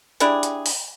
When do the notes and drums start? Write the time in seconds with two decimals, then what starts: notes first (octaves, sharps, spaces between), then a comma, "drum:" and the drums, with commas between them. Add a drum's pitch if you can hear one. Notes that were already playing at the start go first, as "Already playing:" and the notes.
0.20 D4 E4 G4 G#4, drum: hi-hat
0.43 drum: hi-hat
0.66 drum: open hi-hat